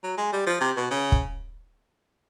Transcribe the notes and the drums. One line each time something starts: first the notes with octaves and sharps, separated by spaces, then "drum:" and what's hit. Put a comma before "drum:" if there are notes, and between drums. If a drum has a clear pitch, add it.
F#3
G#3
G3
F3
C3
B2
C#3
drum: kick